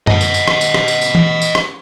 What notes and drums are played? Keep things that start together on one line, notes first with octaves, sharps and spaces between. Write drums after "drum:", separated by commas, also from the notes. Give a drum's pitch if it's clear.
D#5 F#5, drum: tom
drum: tambourine
drum: tambourine
drum: rim click
drum: tambourine
drum: rim click
drum: tambourine
drum: tambourine
drum: tom E3
drum: tambourine
drum: rim click